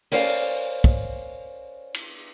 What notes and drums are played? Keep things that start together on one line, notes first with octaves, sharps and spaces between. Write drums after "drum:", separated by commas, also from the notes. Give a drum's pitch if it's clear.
C#4 A#4 C5 D5 F5, drum: open hi-hat
drum: kick
drum: cymbal